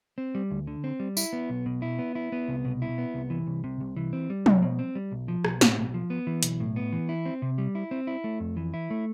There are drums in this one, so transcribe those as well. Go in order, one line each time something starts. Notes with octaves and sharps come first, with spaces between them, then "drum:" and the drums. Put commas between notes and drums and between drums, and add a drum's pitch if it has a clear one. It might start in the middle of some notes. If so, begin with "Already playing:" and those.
C4
G3
D2
D3
C4
G3
E4, drum: tambourine
B3
B1
B2
E4
B3
E4
B3
C2
B2
E4
B3
C2
E3
C2
C3
C2
E3
C4
G3
C2, drum: tom
B2
C4
G3
B1
F3
B1, drum: rim click
A2, drum: snare
B1
F3
B3
E3
B1, drum: hi-hat
A2
B3
E3
E4
C4
C3
G3
E4
C4
E4
A3
F2
E3
E4
A3